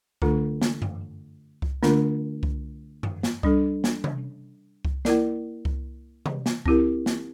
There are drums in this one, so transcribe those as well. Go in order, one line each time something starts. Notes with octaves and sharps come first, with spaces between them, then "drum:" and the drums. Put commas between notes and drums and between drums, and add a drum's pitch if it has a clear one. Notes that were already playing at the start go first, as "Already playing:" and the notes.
D3 A3 D4 F4 A4, drum: kick C2
drum: snare
drum: tom F#2
drum: kick C2
D3 A3 D4 F4 A#4, drum: snare
drum: kick C2
drum: tom F#2
drum: snare
G3 D4 A4, drum: kick C2
drum: snare
drum: tom C3
drum: kick C2
A#3 E4 A#4 D5, drum: snare
drum: kick C2
drum: tom C3
drum: snare
C4 E4 G4 A#4, drum: kick C2
drum: snare